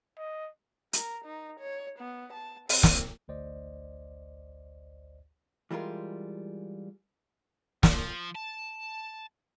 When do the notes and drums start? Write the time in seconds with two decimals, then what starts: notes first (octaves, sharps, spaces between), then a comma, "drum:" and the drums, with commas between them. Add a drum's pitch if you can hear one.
0.18 D#5
0.93 A#4, drum: hi-hat
1.25 D#4
1.60 C#5
1.99 B3
2.33 A5
2.69 C4, drum: open hi-hat
2.83 drum: snare
3.28 A1 D2 C5 D5 D#5
5.71 E3 G3 G#3 F4 A#4
7.83 F3, drum: snare
8.35 A5